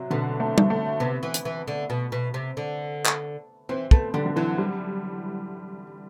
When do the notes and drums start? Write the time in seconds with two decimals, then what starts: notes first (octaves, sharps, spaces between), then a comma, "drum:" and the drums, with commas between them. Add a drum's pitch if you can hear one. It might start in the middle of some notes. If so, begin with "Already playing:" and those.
Already playing: C3 F#3
0.10 B2 D3
0.40 A3
0.58 drum: tom G3
0.70 A3
1.00 C3 B3
1.23 E3
1.34 drum: hi-hat
1.45 E3
1.68 D3
1.90 B2
2.12 B2
2.34 C3
2.57 D3
3.06 drum: clap
3.69 E3 C4
3.91 A3 B3, drum: kick
4.14 D3 G3
4.26 D3
4.36 E3 F#3
4.58 G3